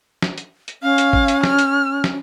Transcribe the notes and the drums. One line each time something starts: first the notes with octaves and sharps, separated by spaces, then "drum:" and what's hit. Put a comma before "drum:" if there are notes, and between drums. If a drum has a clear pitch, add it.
drum: snare
drum: hi-hat
drum: hi-hat
C#4 F5
drum: hi-hat
drum: kick
drum: hi-hat
F6, drum: snare
drum: hi-hat
drum: snare